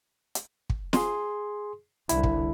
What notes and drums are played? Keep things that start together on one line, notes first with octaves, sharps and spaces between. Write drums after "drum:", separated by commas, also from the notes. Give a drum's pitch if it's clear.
drum: hi-hat
drum: kick
G#4 C6, drum: snare
C2 D3 E4, drum: hi-hat
drum: kick